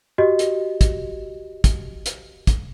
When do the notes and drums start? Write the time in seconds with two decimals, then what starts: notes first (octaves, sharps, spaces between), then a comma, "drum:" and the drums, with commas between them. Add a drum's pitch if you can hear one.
0.18 F#4 G4 D#5
0.39 drum: hi-hat
0.81 drum: kick, hi-hat
1.64 drum: kick, hi-hat
2.06 drum: hi-hat
2.47 drum: kick, hi-hat